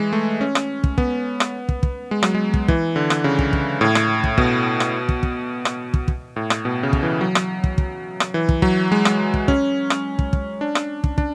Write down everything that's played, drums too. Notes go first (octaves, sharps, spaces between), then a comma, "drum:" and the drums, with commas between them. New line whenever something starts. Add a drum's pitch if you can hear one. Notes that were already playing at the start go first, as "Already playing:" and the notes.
Already playing: E3 G#3
A3
C#4
drum: rim click
drum: kick
B3, drum: kick
drum: rim click
drum: kick
drum: kick
G#3
F#3, drum: rim click
G#3
drum: kick
E3, drum: kick
D3
drum: rim click
C#3
drum: kick
drum: kick
A2
drum: rim click
drum: kick
B2, drum: kick
drum: rim click
drum: kick
drum: kick
drum: rim click
drum: kick
drum: kick
A2
drum: rim click
B2
C#3
drum: kick
E3
F#3
drum: rim click
drum: kick
drum: kick
drum: rim click
E3
drum: kick
F#3, drum: kick
G#3
drum: rim click
drum: kick
C#4, drum: kick
drum: rim click
drum: kick
drum: kick
D4
drum: rim click
drum: kick
D4, drum: kick